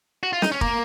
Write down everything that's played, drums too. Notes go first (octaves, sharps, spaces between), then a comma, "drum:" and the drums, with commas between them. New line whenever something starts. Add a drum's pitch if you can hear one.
F#4
F4
D#4, drum: snare
C#4
A#3, drum: kick